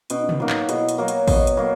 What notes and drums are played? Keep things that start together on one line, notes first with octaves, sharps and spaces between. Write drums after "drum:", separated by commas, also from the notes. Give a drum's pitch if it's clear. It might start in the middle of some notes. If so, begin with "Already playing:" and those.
B2 C#4, drum: hi-hat
D#4
C#4, drum: tom
F#3 A#3 D#4
drum: clap
B2 E4 G#4, drum: hi-hat
drum: hi-hat
F#3 A#3 C#5
drum: hi-hat
B2, drum: kick A1, open hi-hat
drum: hi-hat
F#3 A#3